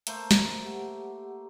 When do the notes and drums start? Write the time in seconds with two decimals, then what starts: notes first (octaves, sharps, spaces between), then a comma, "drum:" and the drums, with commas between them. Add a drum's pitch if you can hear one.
0.07 A3 A#3 C5, drum: hi-hat
0.31 drum: snare
0.64 G4 F#5